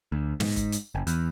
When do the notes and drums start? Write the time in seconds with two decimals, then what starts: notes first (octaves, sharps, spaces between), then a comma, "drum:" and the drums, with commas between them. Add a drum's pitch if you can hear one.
0.12 D2
0.40 G#2, drum: snare
0.56 drum: kick, hi-hat
0.72 drum: hi-hat
0.95 F#1
1.07 E2, drum: hi-hat